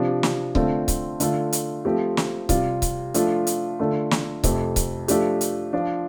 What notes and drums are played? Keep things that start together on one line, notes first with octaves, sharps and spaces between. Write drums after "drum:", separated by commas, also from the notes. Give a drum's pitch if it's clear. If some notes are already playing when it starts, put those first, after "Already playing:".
Already playing: C3 F3 D4 G4
drum: snare
D3 A3 C4 F4, drum: kick C#1
drum: kick C#1, hi-hat
D3 A3 F4, drum: hi-hat
drum: hi-hat
F3 A3 C4 G4
drum: snare
C3 G3 F4, drum: kick C#1, hi-hat
drum: kick C#1, hi-hat
F3 A3 D4 F4, drum: hi-hat
drum: hi-hat
D3 A3 F4
drum: snare
F2 C3 A3, drum: kick C#1, hi-hat
drum: kick C#1, hi-hat
F3 A3 D4 G4, drum: hi-hat
drum: hi-hat
F3 D4 F4